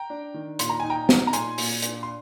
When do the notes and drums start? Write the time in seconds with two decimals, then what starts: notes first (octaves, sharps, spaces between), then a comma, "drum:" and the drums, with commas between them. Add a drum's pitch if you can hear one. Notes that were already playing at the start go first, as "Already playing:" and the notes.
Already playing: G5 A#5
0.10 D4
0.34 D#3
0.59 A#2 C6, drum: hi-hat
0.69 A#5
0.80 D#4 G#5
0.90 G5 A#5
1.09 D#4, drum: snare B3
1.27 A#5
1.33 A#2 G#5 C6, drum: hi-hat
1.58 A#2, drum: open hi-hat
1.82 D4, drum: hi-hat
2.03 C6